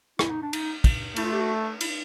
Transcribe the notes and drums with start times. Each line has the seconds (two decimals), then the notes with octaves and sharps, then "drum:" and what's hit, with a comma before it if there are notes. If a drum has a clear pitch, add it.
0.19 E4, drum: rim click
0.30 D#4
0.42 D4
0.53 D#4, drum: cymbal
0.84 drum: kick, cymbal
1.16 A3 E4, drum: cymbal
1.24 F4
1.33 G4
1.40 F#4
1.81 E4, drum: cymbal